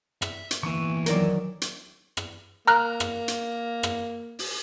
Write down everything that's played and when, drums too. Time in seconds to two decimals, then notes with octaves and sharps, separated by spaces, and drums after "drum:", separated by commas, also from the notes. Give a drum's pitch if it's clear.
0.22 E5, drum: rim click
0.51 drum: hi-hat
0.63 E2 E3 A#3 C#6
1.06 D#3 F#3 A#4 D5, drum: hi-hat
1.62 drum: hi-hat
2.17 drum: rim click
2.67 A#3 A#5 F6 F#6
3.00 drum: rim click
3.28 drum: hi-hat
3.83 drum: rim click
4.39 drum: open hi-hat